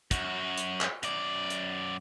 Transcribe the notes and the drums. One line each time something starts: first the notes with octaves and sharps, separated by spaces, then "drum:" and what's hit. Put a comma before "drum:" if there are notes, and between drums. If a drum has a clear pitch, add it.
F#2 F#4, drum: kick, hi-hat
drum: hi-hat
drum: clap
F#2 D5, drum: hi-hat
drum: hi-hat